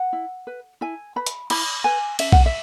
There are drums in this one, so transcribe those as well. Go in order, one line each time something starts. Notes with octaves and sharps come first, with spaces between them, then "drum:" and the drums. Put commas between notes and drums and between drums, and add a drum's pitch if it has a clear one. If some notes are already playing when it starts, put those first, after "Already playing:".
Already playing: F#5
E4
B4
E4 G#5
B4 B5
drum: hi-hat
E4 B5, drum: cymbal
B4 G#5
C#4 E5, drum: cymbal
F#5, drum: kick B1
E5